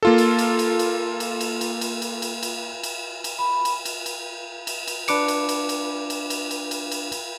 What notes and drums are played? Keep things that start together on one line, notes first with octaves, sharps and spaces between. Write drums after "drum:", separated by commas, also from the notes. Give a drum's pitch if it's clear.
A#3 F4 A4
drum: cymbal
drum: cymbal
drum: cymbal
drum: cymbal
drum: cymbal
drum: cymbal
drum: cymbal
drum: cymbal
drum: cymbal
drum: cymbal
drum: cymbal
drum: cymbal
drum: cymbal
B5
drum: cymbal
drum: cymbal
drum: cymbal
drum: cymbal
drum: cymbal
D4 B4 D6 C#7, drum: cymbal
drum: cymbal
drum: cymbal
drum: cymbal
drum: cymbal
drum: cymbal
drum: cymbal
drum: cymbal
drum: cymbal
drum: cymbal